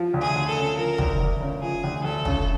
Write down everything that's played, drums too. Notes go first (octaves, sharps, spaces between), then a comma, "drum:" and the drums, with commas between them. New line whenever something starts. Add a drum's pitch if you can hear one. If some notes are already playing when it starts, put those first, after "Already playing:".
Already playing: F3
D2
G#4
D2
A4
C#3
F3 A#4
D2, drum: kick
D2
C#3
F3 G#4
D2
D2 A4
C#3, drum: kick